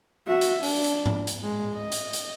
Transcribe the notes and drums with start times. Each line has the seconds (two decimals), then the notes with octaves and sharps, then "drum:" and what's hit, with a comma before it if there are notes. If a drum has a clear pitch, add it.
0.28 F#4 E5
0.41 drum: hi-hat
0.63 D4, drum: open hi-hat
0.84 drum: hi-hat
1.06 drum: tom G#2
1.27 drum: hi-hat
1.43 G#3
1.76 D#5
1.92 drum: hi-hat
2.13 drum: hi-hat